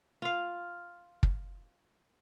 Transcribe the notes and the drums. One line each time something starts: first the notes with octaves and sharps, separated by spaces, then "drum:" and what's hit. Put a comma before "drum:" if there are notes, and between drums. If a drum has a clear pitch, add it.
F4 F5
drum: kick